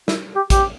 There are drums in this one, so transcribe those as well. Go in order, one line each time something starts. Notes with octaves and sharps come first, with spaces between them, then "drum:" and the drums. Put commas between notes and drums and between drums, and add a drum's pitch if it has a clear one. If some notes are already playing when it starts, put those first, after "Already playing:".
E4, drum: snare
G4
G4, drum: kick, hi-hat